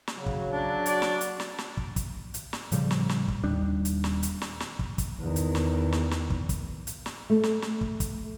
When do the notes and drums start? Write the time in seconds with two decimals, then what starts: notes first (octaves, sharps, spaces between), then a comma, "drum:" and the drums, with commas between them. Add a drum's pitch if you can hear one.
0.07 drum: snare
0.17 C#3 F#3
0.26 drum: kick
0.51 D4
0.86 F#4 D5, drum: hi-hat
1.02 drum: snare
1.21 drum: hi-hat
1.40 drum: snare
1.58 drum: snare
1.77 drum: kick
1.96 drum: kick, hi-hat
2.34 drum: hi-hat
2.53 drum: snare
2.72 A2 C#3 F3 G3, drum: hi-hat
2.91 drum: snare
3.09 drum: snare
3.28 drum: kick
3.44 D#1 D#2 G3 D4
3.85 drum: hi-hat
4.04 drum: snare
4.23 drum: hi-hat
4.42 drum: snare
4.60 drum: snare
4.79 drum: kick
4.98 drum: kick, hi-hat
5.20 E2 D#3
5.36 drum: hi-hat
5.55 drum: snare
5.92 drum: snare
6.11 drum: snare
6.30 drum: kick
6.49 drum: kick, hi-hat
6.87 drum: hi-hat
7.06 drum: snare
7.30 A3
7.43 drum: snare
7.62 drum: snare
7.81 drum: kick
8.00 drum: kick, hi-hat